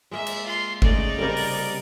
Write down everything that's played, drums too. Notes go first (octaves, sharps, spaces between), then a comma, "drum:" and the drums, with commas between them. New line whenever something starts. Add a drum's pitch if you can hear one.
G#3 A#3 E5
drum: cymbal
F4 C6
C#3 A3 D#4 D5, drum: kick G1
C3 G3 A#4
drum: open hi-hat